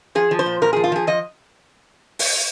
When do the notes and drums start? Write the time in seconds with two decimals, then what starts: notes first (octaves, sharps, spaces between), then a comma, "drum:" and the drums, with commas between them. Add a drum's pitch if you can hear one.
0.15 F3 G#4
0.31 F3
0.39 C5
0.46 A#2
0.62 A#2 A#4
0.73 G#4
0.76 F3
0.84 F4
0.92 F3 G#4
1.07 F3 D#5
2.19 drum: open hi-hat